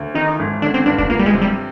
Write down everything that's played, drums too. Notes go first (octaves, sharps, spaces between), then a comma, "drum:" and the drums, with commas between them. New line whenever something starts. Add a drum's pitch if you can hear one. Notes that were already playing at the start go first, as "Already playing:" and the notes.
Already playing: D2
D#3 D#4
G#1
D3 D4
C4
G2 D4
D4, drum: kick D#1
A#3 F4
G3
G#3
C3
G3